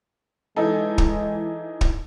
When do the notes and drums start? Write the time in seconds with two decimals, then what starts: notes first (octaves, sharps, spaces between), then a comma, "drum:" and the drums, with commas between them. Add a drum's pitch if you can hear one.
0.56 E3 G#3 D#4 A4
0.98 drum: kick
1.81 drum: kick